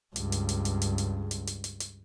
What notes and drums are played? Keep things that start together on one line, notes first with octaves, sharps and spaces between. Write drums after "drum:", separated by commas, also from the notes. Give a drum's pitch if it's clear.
C#2 G2, drum: hi-hat
drum: hi-hat
drum: hi-hat
drum: hi-hat
drum: hi-hat
drum: hi-hat
drum: hi-hat
drum: hi-hat
drum: hi-hat
drum: hi-hat